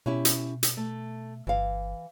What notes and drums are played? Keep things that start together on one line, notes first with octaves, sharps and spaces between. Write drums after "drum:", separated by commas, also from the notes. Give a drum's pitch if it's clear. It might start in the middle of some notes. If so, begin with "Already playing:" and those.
B2 C#4 E4 G4
drum: hi-hat
drum: hi-hat
A3
G1 E3 F5